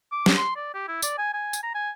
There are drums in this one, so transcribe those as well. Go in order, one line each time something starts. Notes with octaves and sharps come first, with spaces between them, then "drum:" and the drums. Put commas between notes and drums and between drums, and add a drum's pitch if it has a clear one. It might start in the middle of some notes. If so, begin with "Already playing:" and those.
D6
drum: snare
C6
D5
G4
E4
D5, drum: tambourine
G#5
G#5
drum: tambourine
A#5
G#5